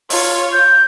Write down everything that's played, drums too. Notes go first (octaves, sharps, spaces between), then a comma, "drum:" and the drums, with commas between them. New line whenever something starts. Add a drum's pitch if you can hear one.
F4 C#5, drum: open hi-hat
G6